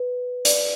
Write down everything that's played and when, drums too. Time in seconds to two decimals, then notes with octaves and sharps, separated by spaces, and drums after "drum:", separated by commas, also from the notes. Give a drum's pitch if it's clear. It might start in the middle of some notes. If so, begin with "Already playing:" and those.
Already playing: B4
0.45 D5, drum: hi-hat